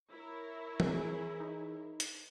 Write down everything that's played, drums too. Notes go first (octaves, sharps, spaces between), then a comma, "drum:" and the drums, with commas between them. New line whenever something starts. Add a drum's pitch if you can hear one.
E4 A#4 C#5
E3 G#4, drum: tom E3
D#4
drum: hi-hat